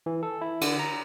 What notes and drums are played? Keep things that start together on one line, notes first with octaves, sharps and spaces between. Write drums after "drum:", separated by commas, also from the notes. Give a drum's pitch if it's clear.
E3
A4
E4
D3, drum: cymbal
A#5